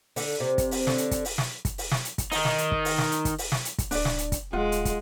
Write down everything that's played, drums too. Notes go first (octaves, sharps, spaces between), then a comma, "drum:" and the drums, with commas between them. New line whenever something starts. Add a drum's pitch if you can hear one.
D3, drum: open hi-hat
C3
drum: kick, hi-hat
drum: open hi-hat
D3, drum: snare
drum: hi-hat
drum: kick, hi-hat
drum: open hi-hat
drum: snare
drum: kick, hi-hat
drum: open hi-hat
drum: snare
drum: hi-hat
drum: kick, hi-hat
D#3 D#4, drum: open hi-hat
drum: snare
drum: hi-hat
drum: kick
drum: open hi-hat
drum: snare
drum: hi-hat
drum: kick, hi-hat
drum: open hi-hat
drum: snare
drum: hi-hat
drum: kick, hi-hat
D1 D4 D5, drum: open hi-hat
drum: snare
drum: hi-hat
drum: kick, hi-hat
D#1 G#3 F4 F#5
drum: hi-hat
drum: kick, hi-hat